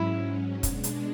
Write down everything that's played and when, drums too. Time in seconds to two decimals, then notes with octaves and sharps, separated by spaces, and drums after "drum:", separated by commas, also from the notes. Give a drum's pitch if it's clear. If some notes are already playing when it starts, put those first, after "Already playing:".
Already playing: G#2 F#3 C#4 E4
0.63 B2 G#3 D4, drum: kick, hi-hat
0.84 drum: hi-hat